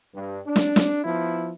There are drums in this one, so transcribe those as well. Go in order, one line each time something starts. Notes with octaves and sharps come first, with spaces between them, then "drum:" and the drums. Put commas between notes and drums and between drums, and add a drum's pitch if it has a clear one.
G2
D4
drum: snare
drum: snare
F3 B3 E4